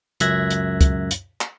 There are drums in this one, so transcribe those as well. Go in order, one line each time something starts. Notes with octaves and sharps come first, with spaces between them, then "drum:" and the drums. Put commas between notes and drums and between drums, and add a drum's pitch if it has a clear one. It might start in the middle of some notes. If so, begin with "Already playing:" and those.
C#2 F#2 E5 F#6 G#6 A#6, drum: hi-hat
drum: hi-hat
drum: kick, hi-hat
drum: hi-hat
drum: clap